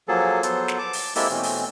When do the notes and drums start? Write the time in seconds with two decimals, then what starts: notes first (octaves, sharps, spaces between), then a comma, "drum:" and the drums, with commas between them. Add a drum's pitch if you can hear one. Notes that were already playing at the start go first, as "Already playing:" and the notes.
0.08 F3 F#3 A#3 G#4 A4
0.43 F#3 B3 A4 C5, drum: hi-hat
0.68 drum: snare
0.78 A5 D6
0.93 drum: open hi-hat
1.16 G#3 A#3 C4 E4 G4 A4, drum: open hi-hat
1.30 B2 E3 A3 C4 C#4
1.43 drum: open hi-hat